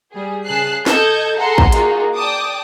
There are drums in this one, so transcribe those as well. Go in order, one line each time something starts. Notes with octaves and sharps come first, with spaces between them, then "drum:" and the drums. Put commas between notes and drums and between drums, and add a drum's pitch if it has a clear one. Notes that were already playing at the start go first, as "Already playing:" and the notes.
G3 G#4
C#3 G#4 A5 F#6 C7
A4 D#5 G6 G#6, drum: snare
G#4 A4 F#5 G#5 A#5 C6
drum: kick
A#3 D#4 F4 F#4 G#4, drum: hi-hat
D5 G5 A5 D6 D#6